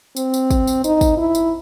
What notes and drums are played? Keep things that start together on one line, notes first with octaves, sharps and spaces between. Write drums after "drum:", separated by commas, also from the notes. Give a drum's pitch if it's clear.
C4, drum: tambourine
drum: tambourine
drum: kick, tambourine
drum: tambourine
D#4, drum: tambourine
drum: kick, tambourine
E4
drum: tambourine